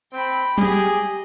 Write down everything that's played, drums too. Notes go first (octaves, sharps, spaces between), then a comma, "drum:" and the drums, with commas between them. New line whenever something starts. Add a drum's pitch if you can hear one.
C4 G5 B5
G4 G#4 D#5, drum: tom